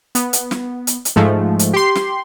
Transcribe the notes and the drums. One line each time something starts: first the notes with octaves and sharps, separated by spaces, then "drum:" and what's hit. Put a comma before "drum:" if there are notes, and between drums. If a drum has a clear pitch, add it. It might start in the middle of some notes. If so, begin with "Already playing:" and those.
B3, drum: hi-hat
drum: hi-hat
drum: snare
drum: hi-hat
drum: hi-hat
G#2 F3 G#3 A3
drum: hi-hat
G4 C6
drum: snare